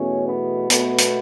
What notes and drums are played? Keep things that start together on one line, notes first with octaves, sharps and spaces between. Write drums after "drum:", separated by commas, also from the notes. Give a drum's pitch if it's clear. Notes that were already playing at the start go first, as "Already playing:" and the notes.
Already playing: E2 B2 A3 C#4
B3
B2 A3, drum: hi-hat
drum: hi-hat